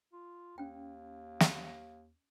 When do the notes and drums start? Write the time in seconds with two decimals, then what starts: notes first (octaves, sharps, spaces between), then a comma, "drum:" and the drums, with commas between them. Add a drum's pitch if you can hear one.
0.13 F4
0.58 D#2 C#4 G5
1.40 drum: snare